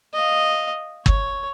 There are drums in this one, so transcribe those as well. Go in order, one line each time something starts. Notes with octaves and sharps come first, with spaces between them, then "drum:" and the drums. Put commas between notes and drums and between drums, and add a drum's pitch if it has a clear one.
D#5 F5
C#5, drum: kick